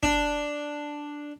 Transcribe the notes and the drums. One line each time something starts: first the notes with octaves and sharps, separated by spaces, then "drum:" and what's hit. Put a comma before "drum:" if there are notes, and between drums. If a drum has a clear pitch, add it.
D4, drum: kick